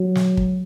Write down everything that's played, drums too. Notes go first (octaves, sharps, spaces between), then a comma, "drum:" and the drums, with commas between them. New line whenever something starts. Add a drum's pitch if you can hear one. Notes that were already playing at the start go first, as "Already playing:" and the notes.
Already playing: F#3
drum: snare
drum: kick